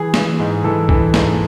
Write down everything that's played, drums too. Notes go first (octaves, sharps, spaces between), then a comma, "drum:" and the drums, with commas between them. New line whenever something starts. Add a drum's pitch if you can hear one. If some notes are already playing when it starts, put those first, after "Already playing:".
Already playing: E3 G#4
E3, drum: snare
G#2
E3 A4
E3, drum: kick B1
G#2, drum: snare